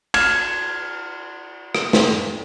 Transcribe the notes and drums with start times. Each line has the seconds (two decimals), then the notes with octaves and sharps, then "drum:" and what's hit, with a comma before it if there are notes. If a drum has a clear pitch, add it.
0.14 F6 G#6 E7, drum: cymbal
1.75 drum: rim click
1.93 drum: snare